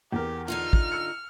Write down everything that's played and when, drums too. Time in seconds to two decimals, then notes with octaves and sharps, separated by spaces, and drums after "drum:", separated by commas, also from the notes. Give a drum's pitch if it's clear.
0.12 E2 G4 A#4
0.48 D3 D#4 F4 F6
0.73 drum: kick
0.92 E6 C#7